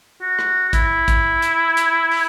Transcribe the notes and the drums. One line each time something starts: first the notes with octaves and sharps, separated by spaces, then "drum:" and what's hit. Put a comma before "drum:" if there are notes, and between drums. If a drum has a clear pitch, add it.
F#4
drum: rim click
F#4
E4, drum: kick A1, hi-hat
drum: kick A1, hi-hat
drum: hi-hat
drum: hi-hat
drum: open hi-hat